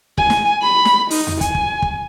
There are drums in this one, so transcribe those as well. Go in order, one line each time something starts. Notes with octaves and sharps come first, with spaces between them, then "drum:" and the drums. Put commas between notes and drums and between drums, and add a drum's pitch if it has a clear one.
G#5, drum: kick
drum: snare
B5
drum: snare
D#4, drum: open hi-hat
drum: tom E2
G#5, drum: kick, hi-hat
drum: kick
drum: kick